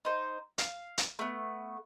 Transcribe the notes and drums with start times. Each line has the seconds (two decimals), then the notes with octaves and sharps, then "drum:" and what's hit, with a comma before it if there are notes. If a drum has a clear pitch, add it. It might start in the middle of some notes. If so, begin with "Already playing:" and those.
0.05 D#4 C5
0.58 F5, drum: hi-hat
0.98 drum: hi-hat
1.19 A3 B3